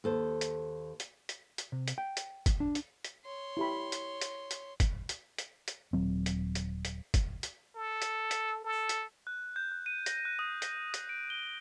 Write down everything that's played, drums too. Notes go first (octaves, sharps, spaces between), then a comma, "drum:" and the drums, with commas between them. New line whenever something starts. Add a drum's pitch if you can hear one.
D#2 A4 C5
drum: hi-hat
drum: hi-hat
drum: hi-hat
drum: hi-hat
C3
drum: hi-hat
G5
drum: hi-hat
drum: kick, hi-hat
D4
drum: hi-hat
drum: hi-hat
C#5 C6
E4 G4 B5
drum: hi-hat
drum: hi-hat
drum: hi-hat
drum: kick, hi-hat
drum: hi-hat
drum: hi-hat
drum: hi-hat
D#1 F#3 C4
drum: hi-hat
drum: hi-hat
drum: hi-hat
drum: kick, hi-hat
drum: hi-hat
A4
drum: hi-hat
drum: hi-hat
A4
drum: hi-hat
F#6
G6
F#6
D#7
A#6, drum: hi-hat
F#6
D#6
A#6, drum: hi-hat
D#6, drum: hi-hat
D7
G7